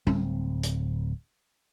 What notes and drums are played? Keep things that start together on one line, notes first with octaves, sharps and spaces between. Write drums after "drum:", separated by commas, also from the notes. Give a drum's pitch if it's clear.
D1 C4, drum: tom G3
drum: hi-hat